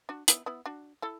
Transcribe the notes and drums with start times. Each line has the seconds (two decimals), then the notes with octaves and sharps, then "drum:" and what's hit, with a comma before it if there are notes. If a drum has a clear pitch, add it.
0.09 D4 F#4
0.28 B3 E4, drum: hi-hat
0.46 B3 E4
0.66 D4 F#4
1.02 E4 A4